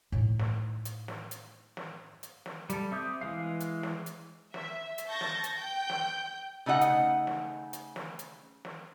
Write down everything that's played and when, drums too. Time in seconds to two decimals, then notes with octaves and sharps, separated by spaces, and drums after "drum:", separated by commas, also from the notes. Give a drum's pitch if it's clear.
0.12 A2 D#4
0.39 drum: snare
0.85 drum: hi-hat
1.08 drum: snare
1.31 drum: hi-hat
1.77 drum: snare
2.23 drum: hi-hat
2.46 drum: snare
2.70 G3 A4, drum: hi-hat
2.92 C4 E5 D6 D#6 G6
3.21 E3 G#3 F5
3.60 drum: hi-hat
3.83 drum: snare
4.06 drum: hi-hat
4.54 E5, drum: snare
4.98 drum: hi-hat
5.08 A5 C#6 G6 A6 A#6
5.21 drum: snare
5.44 drum: hi-hat
5.56 G5 G6
5.90 drum: snare
6.66 C#3 A3 D#4 D#5 F#5
6.81 drum: hi-hat
7.27 drum: snare
7.73 drum: hi-hat
7.96 drum: snare
8.19 drum: hi-hat
8.65 drum: snare